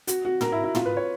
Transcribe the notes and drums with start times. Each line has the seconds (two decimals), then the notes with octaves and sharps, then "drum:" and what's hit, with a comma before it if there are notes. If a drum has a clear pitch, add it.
0.07 F#4, drum: hi-hat
0.25 F#4
0.41 A#4, drum: tom
0.52 E4
0.64 E4
0.75 F4, drum: tom
0.86 B4
0.97 C#5